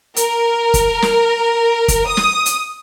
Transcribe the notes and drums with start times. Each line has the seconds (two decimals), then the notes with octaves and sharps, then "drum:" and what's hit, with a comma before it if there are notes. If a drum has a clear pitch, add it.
0.16 A#4, drum: hi-hat
0.74 drum: kick, hi-hat
1.02 drum: snare
1.88 drum: kick, hi-hat
2.08 D#6
2.17 drum: snare
2.46 drum: hi-hat